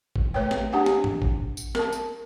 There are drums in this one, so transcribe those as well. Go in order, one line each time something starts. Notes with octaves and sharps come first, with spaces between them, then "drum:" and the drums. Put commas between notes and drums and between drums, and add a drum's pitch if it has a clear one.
drum: kick
A3 B4 C#5 G5
drum: snare
D4 G4 F#5 G#5
drum: snare
drum: tom G#2
drum: kick
drum: tambourine
A#4 A5, drum: snare
drum: tambourine